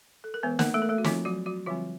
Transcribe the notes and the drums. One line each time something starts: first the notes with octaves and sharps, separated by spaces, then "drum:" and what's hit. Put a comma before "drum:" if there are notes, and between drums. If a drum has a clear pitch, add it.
A4
A#4
E3 G#3 B3 B4
A#3 A#4, drum: snare
A3 A4
A#4
A3 A4
F#4
F3 A3 C4 F4, drum: snare
F#3 F#4
F#3 F#4
D3 F3 G3 C4 F4